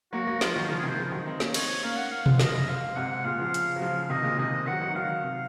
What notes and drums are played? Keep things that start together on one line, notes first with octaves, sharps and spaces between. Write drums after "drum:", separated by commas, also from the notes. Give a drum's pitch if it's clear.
F#3 A#3 F#4
F#3 A#3
F3 G#3 F4, drum: snare
D#3 F#3
C#3 F3 F4
G#4
C3 D#3 C5
C#3 F3
D#3 F#3
C4 D#4
A#3 C#4, drum: snare
C4 D#4 C#5, drum: cymbal
A#3 C#4 F5
F#5
F5
F3 G#3, drum: tom B2
C#3 F3 D#5, drum: snare
F#2
G#2 F5
G#2 C3 F#5
A#2 C#3 F5
C#3 F3
drum: hi-hat
F#3
C#3 F3 F5
C3 D#3 D#5
A#2 C#3
C3 D#3 D#5
D#3 F#3 F#5
D#3 F#3
D#3 F#3 F5
C3